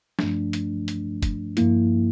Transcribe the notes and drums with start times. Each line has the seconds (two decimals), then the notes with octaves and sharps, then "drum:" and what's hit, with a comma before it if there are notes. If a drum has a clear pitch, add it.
0.19 G2 F3 A3 D4, drum: snare
0.53 drum: hi-hat
0.88 drum: hi-hat
1.23 drum: kick, hi-hat
1.57 G2 F3 A#3 E4, drum: hi-hat